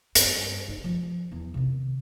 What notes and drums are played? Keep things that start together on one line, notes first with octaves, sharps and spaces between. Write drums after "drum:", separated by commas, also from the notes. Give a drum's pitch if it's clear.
G2, drum: hi-hat
F#1 D#4
F3
E2
C3 D#3